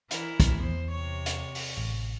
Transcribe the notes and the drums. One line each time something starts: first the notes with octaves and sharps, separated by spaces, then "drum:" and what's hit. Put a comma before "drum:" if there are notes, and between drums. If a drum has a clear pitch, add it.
E3 E4 A#4, drum: hi-hat
drum: kick, hi-hat
E2 C5
C3 C#5
drum: hi-hat
drum: open hi-hat
A1